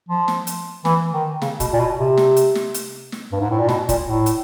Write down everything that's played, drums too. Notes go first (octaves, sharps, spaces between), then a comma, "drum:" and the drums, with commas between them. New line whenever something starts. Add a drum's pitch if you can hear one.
F3
drum: snare
drum: hi-hat
E3, drum: snare
D#3
C#3, drum: snare
B2, drum: kick, hi-hat
A#2
B2
C3
drum: snare
drum: hi-hat
drum: snare
drum: hi-hat
drum: snare
G2
G#2
A2
A#2
B2, drum: snare
A#2, drum: kick, hi-hat
A2
drum: hi-hat